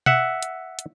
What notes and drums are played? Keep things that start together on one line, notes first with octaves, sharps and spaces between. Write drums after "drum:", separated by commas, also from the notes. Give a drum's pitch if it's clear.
E5 F#5, drum: tom B2
drum: hi-hat
drum: hi-hat